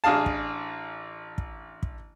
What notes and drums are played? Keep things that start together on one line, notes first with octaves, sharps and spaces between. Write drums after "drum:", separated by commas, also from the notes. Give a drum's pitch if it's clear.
A1 D4 G#4 F5 A5
drum: kick
drum: kick
drum: kick